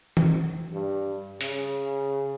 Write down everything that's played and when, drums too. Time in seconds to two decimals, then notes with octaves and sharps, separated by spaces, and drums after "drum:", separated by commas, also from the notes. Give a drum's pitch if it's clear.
0.17 drum: tom E3
0.72 G2
1.41 C#3, drum: hi-hat